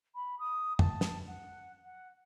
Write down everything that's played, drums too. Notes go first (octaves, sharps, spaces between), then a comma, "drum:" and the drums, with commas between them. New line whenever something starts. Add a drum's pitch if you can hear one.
B5
D#6
A5, drum: tom F2
drum: snare
F#5
F#5